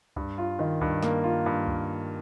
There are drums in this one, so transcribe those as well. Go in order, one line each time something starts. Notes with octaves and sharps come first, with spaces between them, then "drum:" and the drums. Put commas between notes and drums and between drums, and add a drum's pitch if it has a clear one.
G2, drum: kick C#2
F4
D#3
G2, drum: kick C#2
A#3, drum: snare
F4
G2
drum: kick C#2